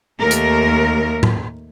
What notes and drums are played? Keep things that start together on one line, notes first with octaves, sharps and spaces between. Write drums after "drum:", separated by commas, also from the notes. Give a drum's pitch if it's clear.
D#2 A3 A#4
drum: hi-hat
drum: tom A2